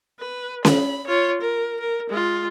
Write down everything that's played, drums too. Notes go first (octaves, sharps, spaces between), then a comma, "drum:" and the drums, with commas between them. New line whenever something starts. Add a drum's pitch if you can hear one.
B4
B5, drum: snare C#4
F4 C#5
A#4
A#4
G#3 F4